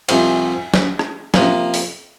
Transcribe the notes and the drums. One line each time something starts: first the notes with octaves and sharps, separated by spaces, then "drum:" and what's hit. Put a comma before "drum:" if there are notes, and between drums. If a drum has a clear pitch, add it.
C2 C3 F3 C4 F4, drum: cymbal
drum: snare
drum: rim click
C3 F3 A#3, drum: snare
drum: open hi-hat